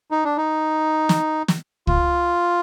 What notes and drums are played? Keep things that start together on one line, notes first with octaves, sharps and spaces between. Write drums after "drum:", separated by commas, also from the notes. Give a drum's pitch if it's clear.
D#4
D4
D#4
drum: snare
drum: snare
F4, drum: kick